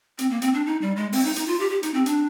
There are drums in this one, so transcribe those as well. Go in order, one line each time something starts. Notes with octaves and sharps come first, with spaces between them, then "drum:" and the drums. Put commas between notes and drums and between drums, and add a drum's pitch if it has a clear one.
C4, drum: hi-hat
A#3
C4, drum: hi-hat
D4
D#4
G3
G#3
C4, drum: open hi-hat
D#4
D#4, drum: hi-hat
F4
G4
G4
D#4, drum: hi-hat
C4
D4, drum: hi-hat